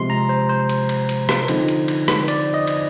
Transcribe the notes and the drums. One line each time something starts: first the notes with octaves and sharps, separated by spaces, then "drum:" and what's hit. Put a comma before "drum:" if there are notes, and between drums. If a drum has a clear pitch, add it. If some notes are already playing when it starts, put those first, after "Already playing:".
Already playing: C3 F3 G#3 C6
A#5
C5
C5
drum: cymbal
drum: cymbal
drum: cymbal
drum: rim click
D3 F3 C4 D#4, drum: cymbal
drum: cymbal
drum: cymbal
drum: rim click
D5, drum: cymbal
D#5
drum: cymbal